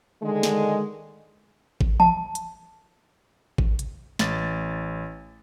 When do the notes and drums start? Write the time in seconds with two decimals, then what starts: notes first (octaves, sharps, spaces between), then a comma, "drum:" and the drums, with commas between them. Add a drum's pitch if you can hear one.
0.23 D3 D#3 G#3
0.43 drum: snare
1.81 drum: kick G#1
2.00 A5, drum: tom E3
2.35 drum: hi-hat
3.58 drum: kick G#1
3.79 drum: hi-hat
4.19 A1 A6, drum: snare